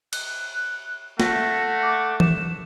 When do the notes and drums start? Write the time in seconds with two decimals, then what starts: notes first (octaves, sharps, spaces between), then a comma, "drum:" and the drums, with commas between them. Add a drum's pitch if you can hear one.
0.13 F#6, drum: cymbal
1.20 A3 F#5 A#6, drum: snare
1.82 D6
2.20 E7, drum: tom E3